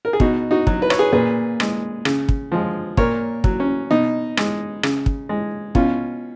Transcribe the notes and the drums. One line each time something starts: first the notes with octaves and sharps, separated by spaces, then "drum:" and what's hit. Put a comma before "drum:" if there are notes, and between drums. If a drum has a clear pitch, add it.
A#4
G#4
B2 D#4 F#4, drum: kick
D#4 F#4
F#3, drum: kick
B4
C#5, drum: rim click
G#4 B4
A#2 G#4 B4
G#3, drum: rim click
C#3, drum: rim click
drum: kick
F3 G#3
A#2 A#4 C#5, drum: kick
F#3, drum: kick
C#4
B2 D#4
G#3, drum: rim click
C#3, drum: rim click
drum: kick
G#3
B2 C#4 F4, drum: kick